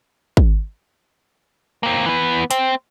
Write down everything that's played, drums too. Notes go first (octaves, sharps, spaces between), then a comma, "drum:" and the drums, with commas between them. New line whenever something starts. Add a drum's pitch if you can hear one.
drum: kick
A#3 C4
E3 B3
C4, drum: hi-hat